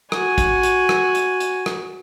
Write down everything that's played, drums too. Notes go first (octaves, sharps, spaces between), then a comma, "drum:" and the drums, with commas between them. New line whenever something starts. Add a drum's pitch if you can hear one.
F#4 G#5, drum: rim click
drum: kick, hi-hat
drum: hi-hat
drum: rim click
drum: hi-hat
drum: hi-hat
drum: rim click